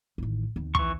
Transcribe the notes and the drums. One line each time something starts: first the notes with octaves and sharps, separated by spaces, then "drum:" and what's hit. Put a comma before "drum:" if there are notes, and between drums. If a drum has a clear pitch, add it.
A1 D#3
D#2 C4
E3 C#6, drum: kick